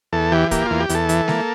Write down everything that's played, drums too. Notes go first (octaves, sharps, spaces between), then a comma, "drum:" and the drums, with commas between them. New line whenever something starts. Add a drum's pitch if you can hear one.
E2 A4
E3 G4
A#3 G4, drum: kick, hi-hat
E2 F4
G4
E2, drum: hi-hat
A4
E3, drum: hi-hat
A#3, drum: snare G#3